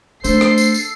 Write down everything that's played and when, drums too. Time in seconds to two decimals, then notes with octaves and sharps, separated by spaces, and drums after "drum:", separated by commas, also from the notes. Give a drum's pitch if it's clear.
0.24 A3 D4 A4 C5 C7, drum: tambourine
0.41 drum: rim click
0.58 drum: tambourine
0.74 drum: tambourine